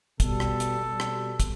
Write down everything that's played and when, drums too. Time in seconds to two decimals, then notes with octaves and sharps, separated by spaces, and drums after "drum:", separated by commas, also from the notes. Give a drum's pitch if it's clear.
0.20 B2 G3 A4, drum: kick, hi-hat
0.40 drum: rim click
0.60 drum: hi-hat
0.80 B2 G3
1.00 drum: rim click
1.40 drum: kick, hi-hat